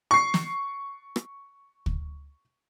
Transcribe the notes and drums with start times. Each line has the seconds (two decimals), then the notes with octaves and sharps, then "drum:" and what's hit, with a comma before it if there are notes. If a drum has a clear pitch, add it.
0.11 C#6 C7
0.34 drum: snare
1.16 drum: rim click
1.86 drum: kick